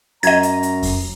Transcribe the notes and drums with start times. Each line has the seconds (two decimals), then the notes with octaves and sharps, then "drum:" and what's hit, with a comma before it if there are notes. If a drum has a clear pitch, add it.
0.23 F#2 D#5 A#5 G#6, drum: hi-hat
0.43 drum: hi-hat
0.63 drum: hi-hat
0.83 drum: kick F2, open hi-hat